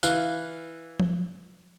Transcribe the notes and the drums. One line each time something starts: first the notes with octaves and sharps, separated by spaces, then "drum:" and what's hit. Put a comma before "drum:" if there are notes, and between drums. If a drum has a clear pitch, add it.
E3 F5 F#6, drum: tambourine
drum: tom F3